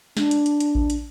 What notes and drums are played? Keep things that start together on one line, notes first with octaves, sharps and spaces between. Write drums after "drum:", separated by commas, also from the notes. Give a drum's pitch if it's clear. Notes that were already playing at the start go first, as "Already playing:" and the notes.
D4, drum: snare
drum: hi-hat
drum: hi-hat
drum: hi-hat
drum: kick A1
drum: hi-hat